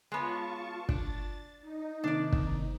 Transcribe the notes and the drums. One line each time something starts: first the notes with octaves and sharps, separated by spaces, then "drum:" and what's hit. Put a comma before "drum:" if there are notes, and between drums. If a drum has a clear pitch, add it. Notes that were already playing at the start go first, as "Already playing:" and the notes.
G#3 B3 F4 C#5 A5 C#6
D4 A6, drum: kick
D#4
C3 D#3 A#3 D4 D5
drum: kick